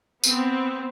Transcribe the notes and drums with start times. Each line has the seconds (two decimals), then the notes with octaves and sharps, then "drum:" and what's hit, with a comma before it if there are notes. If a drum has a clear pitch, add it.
0.24 B3 C4, drum: tambourine